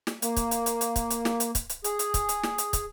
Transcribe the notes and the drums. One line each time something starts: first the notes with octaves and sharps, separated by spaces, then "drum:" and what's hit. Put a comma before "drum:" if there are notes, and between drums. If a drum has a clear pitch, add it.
drum: snare
A#3, drum: hi-hat
drum: kick, hi-hat
drum: hi-hat
drum: hi-hat
drum: hi-hat
drum: kick, hi-hat
drum: hi-hat
drum: snare
drum: hi-hat
drum: kick, hi-hat
drum: hi-hat
G#4, drum: hi-hat
drum: hi-hat
drum: kick, hi-hat
drum: hi-hat
drum: snare
drum: hi-hat
drum: kick, hi-hat